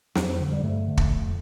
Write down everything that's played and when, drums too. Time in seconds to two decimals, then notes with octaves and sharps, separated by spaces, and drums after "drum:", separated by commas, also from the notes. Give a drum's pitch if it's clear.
0.15 F2 C4, drum: snare
0.28 C4
0.40 D3
0.52 G3
0.63 G2 A3
0.87 D3
0.97 drum: kick
1.11 F2